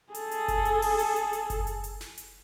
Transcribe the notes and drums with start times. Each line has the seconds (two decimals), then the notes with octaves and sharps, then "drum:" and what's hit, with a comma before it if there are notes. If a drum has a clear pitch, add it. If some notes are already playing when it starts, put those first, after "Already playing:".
0.15 G#4 A4, drum: hi-hat
0.31 drum: hi-hat
0.48 drum: kick F#1, hi-hat
0.65 drum: hi-hat
0.82 drum: open hi-hat
0.99 drum: hi-hat
1.16 drum: hi-hat
1.33 drum: hi-hat
1.50 drum: kick F#1, hi-hat
1.67 drum: hi-hat
1.84 drum: hi-hat
2.01 drum: snare
2.18 drum: hi-hat